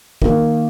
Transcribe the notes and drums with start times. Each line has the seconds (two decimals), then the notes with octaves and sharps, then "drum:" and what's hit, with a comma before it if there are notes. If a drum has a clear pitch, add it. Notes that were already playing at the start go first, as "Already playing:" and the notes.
0.22 D#3 A#3, drum: kick